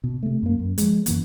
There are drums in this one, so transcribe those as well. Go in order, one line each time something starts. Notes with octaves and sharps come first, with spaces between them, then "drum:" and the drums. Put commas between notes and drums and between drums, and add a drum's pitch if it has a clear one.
B2
C3 A3
F#2 A#3
F#2
F3 G#3, drum: hi-hat
F#2 E3 A#3, drum: hi-hat